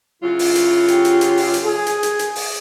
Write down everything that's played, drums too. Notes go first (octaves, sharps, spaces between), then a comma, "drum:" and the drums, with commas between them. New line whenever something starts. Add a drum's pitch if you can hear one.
C#3 F#3 E4 F4
drum: open hi-hat
drum: hi-hat
G4, drum: hi-hat
drum: hi-hat
drum: hi-hat
drum: open hi-hat
drum: hi-hat
G#4
drum: hi-hat
drum: hi-hat
drum: hi-hat
drum: open hi-hat